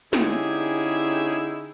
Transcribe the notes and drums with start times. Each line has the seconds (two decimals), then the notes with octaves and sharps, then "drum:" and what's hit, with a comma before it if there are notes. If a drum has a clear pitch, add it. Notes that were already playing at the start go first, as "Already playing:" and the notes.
0.13 D3 C#4 D#4 E4 G4 G#4, drum: snare